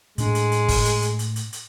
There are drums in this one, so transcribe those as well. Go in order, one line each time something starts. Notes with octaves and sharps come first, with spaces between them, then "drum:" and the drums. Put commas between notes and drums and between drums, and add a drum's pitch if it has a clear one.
A2 G#3 D4, drum: hi-hat
drum: hi-hat
drum: hi-hat
drum: kick, open hi-hat
drum: hi-hat
drum: hi-hat
drum: hi-hat
drum: hi-hat
drum: hi-hat